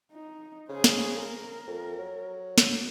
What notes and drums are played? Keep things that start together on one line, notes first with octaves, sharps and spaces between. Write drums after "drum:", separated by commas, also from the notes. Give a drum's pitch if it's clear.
D#4
C#3 G#4 C5
drum: snare
A#4
F2
F#3
drum: snare